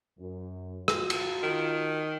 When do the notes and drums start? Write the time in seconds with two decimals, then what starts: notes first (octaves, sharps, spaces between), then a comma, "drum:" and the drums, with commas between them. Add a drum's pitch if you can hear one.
0.18 F#2
0.88 F4 F#4, drum: rim click
1.10 drum: cymbal
1.43 D#3